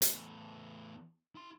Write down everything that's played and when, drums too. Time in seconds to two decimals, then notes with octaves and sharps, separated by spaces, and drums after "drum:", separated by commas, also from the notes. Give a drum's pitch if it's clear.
0.02 E2 A2, drum: hi-hat
1.35 E4 C6